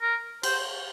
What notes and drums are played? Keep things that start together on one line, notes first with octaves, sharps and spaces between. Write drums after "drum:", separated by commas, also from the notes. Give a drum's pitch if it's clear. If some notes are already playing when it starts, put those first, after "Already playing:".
A#4
C5, drum: cymbal